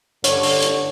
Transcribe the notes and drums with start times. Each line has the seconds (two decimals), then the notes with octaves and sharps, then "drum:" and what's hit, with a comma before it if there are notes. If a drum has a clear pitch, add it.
0.24 G2 D3 C#5, drum: hi-hat
0.43 drum: open hi-hat
0.62 drum: hi-hat